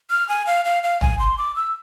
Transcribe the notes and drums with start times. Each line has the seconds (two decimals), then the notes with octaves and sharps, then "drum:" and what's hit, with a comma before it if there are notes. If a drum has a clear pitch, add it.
0.10 F6
0.29 G#5
0.47 F5
0.65 F5
0.83 F5
1.01 G#5, drum: tom A1
1.19 C6
1.38 D6
1.56 E6